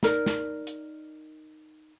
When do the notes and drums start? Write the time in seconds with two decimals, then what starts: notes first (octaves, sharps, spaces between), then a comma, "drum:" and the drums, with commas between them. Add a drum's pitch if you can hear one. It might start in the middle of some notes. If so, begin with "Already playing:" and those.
0.03 D#4 A#4 D5, drum: snare
0.26 drum: snare
0.67 drum: hi-hat